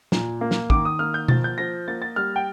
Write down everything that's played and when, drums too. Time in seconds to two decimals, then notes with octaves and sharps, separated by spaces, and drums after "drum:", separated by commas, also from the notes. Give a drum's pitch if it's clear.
0.12 A#2, drum: snare
0.41 A#3
0.51 drum: snare
0.70 D#3 D6, drum: kick
0.85 D#6
0.99 A#3 F6
1.14 G6
1.28 F3 A6, drum: tom B2
1.44 G6
1.58 F3 A#6
1.88 A#3 A6
2.02 A6
2.16 G3 F6
2.36 G5